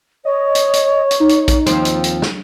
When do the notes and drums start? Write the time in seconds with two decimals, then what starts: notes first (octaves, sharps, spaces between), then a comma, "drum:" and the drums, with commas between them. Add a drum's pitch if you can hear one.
0.25 C#5 D#5
0.55 drum: hi-hat
0.74 drum: hi-hat
1.11 drum: hi-hat
1.20 D#4
1.29 drum: hi-hat
1.48 drum: kick, hi-hat
1.66 D#2 F3 C4, drum: hi-hat
1.85 drum: hi-hat
2.04 drum: hi-hat
2.22 drum: snare